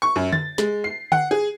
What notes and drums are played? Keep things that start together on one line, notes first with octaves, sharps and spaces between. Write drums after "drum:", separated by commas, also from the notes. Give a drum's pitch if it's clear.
C#6
F#2
A6, drum: tom D3
G#3, drum: snare
C7
F#5, drum: tom D3
G#4